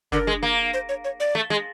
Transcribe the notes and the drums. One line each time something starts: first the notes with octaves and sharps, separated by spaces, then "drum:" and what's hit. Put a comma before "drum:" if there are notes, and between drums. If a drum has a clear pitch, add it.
D3 A#4, drum: kick F#1
G#3
A#3
C5
C#5
C#5
D5
A3
G#3